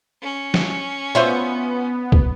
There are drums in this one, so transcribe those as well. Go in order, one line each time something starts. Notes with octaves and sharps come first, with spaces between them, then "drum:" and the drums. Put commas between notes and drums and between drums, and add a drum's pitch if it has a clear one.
C#4
drum: snare
B3 F4 F#4 C5 C#5 E5
drum: kick C2